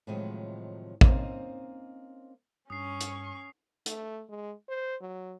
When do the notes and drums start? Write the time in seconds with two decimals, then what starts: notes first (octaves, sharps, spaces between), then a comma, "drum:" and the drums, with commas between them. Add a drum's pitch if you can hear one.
0.07 A2 C3 D#3 F3 F#3 G#3
1.01 A#3 C4 C#4 D#4 C5 D#5, drum: kick A1
2.70 G2 C#4 C#6 D#6 C7
3.01 drum: hi-hat
3.86 A3, drum: hi-hat
4.29 G#3
4.69 C5
5.01 F#3